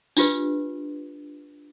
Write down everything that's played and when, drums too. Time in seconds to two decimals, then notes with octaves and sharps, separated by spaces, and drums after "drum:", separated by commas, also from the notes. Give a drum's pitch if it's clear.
0.17 D4 F4 G4 B4, drum: tambourine